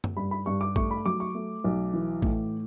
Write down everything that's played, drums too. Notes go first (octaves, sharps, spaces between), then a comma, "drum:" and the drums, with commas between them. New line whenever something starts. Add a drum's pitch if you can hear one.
drum: tom F#2
G2 B5
B5
G2 C#6
D6
A3 C#6, drum: kick A1
B5
F#3 D6
C#6
A3
B1
E3
A2, drum: kick A1